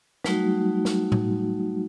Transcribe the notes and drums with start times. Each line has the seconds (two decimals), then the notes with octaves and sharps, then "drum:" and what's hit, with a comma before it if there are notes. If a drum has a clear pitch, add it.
0.24 F#3 G3 A3 D#4 F#4, drum: snare
0.85 drum: snare
1.12 drum: tom A2